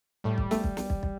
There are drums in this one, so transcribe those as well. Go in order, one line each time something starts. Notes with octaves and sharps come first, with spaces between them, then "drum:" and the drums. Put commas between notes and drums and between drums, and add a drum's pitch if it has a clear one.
A2 G3
drum: kick
A3, drum: snare
drum: kick
drum: snare
drum: kick
drum: kick